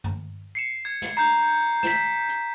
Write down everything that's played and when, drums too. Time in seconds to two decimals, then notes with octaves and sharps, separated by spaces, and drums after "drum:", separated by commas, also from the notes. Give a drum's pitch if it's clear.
0.04 drum: tom
0.55 C7 C#7 E7
0.85 G#6
1.02 drum: snare
1.17 A#5 G6 G#6 C7
1.83 B6 E7, drum: snare
2.29 drum: hi-hat